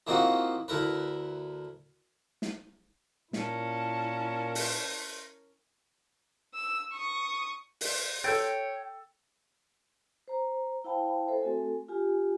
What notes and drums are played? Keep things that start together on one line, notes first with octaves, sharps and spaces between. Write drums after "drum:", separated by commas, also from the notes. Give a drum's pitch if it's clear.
E3 A#3 C4 D#4 F4 F#4
D2 E4 A#4 B4
drum: snare
A#2 C#4 E4 A#4 A5, drum: snare
drum: open hi-hat
E6
C#6 D#6
drum: open hi-hat
A4 C#5 G5 E6 A6
C5 A#5
E4 C5 F5 G5 A5 B5
A4 C5 E5
A3 C4 F#4 A4 G#5
F4 G4 G#5